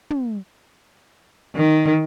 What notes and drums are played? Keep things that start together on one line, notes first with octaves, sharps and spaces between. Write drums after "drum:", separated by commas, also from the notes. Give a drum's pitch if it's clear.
drum: tom
D#3